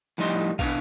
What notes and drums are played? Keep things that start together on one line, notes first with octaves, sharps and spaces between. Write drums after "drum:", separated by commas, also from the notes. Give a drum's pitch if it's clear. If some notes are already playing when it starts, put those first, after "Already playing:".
A2 F3 G3 D#4 D#5 C6
B2 D4 B4 F5, drum: kick